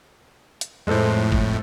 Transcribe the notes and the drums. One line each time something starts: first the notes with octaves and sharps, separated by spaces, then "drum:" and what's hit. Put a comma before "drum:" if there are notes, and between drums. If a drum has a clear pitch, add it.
drum: hi-hat
F2 A2 G#3 A4 C5
drum: kick G1